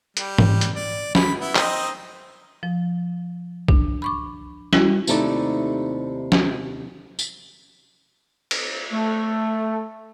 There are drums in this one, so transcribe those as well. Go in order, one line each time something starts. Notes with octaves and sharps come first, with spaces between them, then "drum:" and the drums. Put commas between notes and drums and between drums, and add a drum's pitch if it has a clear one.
G3, drum: hi-hat
drum: tom G#2
drum: hi-hat
D5
B5, drum: snare
B3 E4
C4 D#4 D#5, drum: clap
F3
D4, drum: kick
B5 C#6 D6
G3 E4 F#4, drum: snare
D#2 C3 A3 D#4 E4 D5, drum: tambourine
drum: snare
drum: tambourine
drum: cymbal
A3